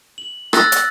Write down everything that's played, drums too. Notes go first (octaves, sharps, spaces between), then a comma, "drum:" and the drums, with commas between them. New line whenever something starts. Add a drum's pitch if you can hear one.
F#7
E6 F#6 A6 A#6, drum: rim click
drum: hi-hat